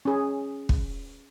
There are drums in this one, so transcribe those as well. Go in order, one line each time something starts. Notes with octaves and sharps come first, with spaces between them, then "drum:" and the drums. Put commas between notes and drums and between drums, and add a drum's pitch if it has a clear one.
C#4 G#4
drum: kick